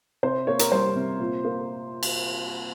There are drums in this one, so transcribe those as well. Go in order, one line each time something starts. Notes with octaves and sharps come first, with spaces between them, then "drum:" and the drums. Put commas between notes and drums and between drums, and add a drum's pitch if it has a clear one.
C3 C5
A#3 C#5
A#4, drum: hi-hat
G3 C5
C3
A#2
A#3
drum: cymbal